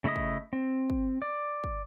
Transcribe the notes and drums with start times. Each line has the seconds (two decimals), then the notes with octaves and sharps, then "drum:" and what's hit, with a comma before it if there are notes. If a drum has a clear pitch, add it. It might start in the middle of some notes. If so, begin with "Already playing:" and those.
0.04 C#3 A3 E4 D#5 D#6
0.16 drum: kick
0.53 C4
0.90 drum: kick
1.22 D5
1.64 drum: kick